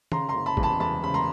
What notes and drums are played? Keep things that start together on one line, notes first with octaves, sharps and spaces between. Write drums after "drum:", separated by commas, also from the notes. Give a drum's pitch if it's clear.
C#3 A#5 C6, drum: tom
A#5 C6
F#1
A5 B5
E2, drum: kick A1
A5 B5
E2 A5 B5
C#3 B5
A#5 C6